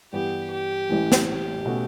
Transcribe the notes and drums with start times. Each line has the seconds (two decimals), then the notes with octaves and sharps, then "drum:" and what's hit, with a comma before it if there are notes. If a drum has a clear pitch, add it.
0.12 G2 E3 B3 G4
0.51 G4
0.89 A1 A2 E3
1.12 drum: snare
1.27 G4
1.66 B2 A3 C#4 F#4